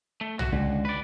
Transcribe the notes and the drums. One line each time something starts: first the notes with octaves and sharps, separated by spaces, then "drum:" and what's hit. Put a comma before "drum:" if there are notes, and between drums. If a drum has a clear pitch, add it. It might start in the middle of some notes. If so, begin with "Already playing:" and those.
A3
F#4, drum: tom
C#2 D3
B4 D5